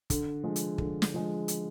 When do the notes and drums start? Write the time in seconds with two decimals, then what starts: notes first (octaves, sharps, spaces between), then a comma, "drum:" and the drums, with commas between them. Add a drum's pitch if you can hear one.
0.10 D3, drum: kick, hi-hat
0.44 F3 G#3
0.56 drum: hi-hat
0.78 D3, drum: kick
1.02 drum: snare
1.14 F3 G#3
1.48 drum: hi-hat